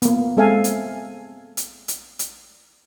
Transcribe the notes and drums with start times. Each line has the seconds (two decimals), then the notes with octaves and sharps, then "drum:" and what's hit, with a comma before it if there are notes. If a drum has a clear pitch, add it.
0.02 A#3 B3, drum: hi-hat
0.37 G#3 C4 A4 E5 F5 G#5
0.64 drum: hi-hat
1.57 drum: hi-hat
1.88 drum: hi-hat
2.19 drum: hi-hat